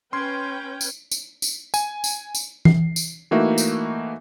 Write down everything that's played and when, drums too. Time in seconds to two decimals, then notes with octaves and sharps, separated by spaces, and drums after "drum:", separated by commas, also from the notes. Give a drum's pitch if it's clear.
0.13 C#4 B4 G5 C6 F6 G#6 D7
0.81 drum: tambourine
1.12 drum: tambourine
1.42 drum: tambourine
1.74 G#5, drum: tambourine
2.04 drum: tambourine
2.35 drum: tambourine
2.65 C7, drum: tom E3
2.96 drum: tambourine
3.31 E3 A3 A#3 D#4 F#4 E5
3.58 drum: tambourine